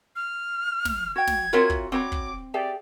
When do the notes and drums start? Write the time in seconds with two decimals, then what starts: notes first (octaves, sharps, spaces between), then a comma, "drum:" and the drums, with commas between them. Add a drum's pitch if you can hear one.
0.16 F6
0.85 drum: snare
1.16 F#4 G5 G#6
1.27 drum: snare
1.53 C4 F4 F#4 A#4 C#5 E5
1.70 drum: kick
1.92 C4 F#4 C#5 B5 D6
2.12 drum: kick
2.54 G4 G#4 D5 E5